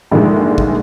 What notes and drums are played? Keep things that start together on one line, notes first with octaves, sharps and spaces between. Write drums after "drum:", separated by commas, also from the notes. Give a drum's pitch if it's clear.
A#1 G2 D3 D#3 F3 G#3
drum: kick